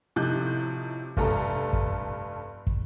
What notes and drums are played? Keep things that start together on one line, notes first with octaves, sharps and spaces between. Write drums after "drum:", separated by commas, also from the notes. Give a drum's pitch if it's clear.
A2 C3 F3 D#4 F#6 G6
F1 G2 A3 A4 A#5, drum: kick
drum: kick
drum: kick